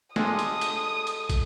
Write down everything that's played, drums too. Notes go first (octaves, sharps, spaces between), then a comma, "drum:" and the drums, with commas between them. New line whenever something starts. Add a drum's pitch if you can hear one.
G#3 D4 F4 G4 A4 G#5 A5 D#6, drum: snare
drum: hi-hat
drum: hi-hat
drum: hi-hat
drum: kick, hi-hat